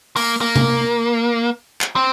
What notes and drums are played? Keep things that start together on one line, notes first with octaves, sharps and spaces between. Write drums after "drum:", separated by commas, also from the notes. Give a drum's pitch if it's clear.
A#3, drum: open hi-hat
A#3
drum: tom C3
drum: clap
C4